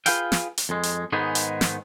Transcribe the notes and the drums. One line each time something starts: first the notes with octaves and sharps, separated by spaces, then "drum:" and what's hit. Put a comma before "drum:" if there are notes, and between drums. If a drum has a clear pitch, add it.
F4 G#4 B4 F5 G5, drum: hi-hat
drum: snare
drum: hi-hat
F2 G#3
drum: hi-hat
G#2 D#3 G#3 B3 D#4 G#4
drum: hi-hat
drum: snare